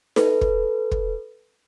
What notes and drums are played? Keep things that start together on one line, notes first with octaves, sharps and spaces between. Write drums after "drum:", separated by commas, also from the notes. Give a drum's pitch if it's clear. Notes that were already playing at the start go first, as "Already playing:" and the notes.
A4 B4, drum: snare D#4
drum: kick
drum: kick